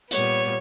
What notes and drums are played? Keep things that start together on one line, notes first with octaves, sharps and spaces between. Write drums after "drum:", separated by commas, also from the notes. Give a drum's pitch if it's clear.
A#2 G3 B3 C#5, drum: hi-hat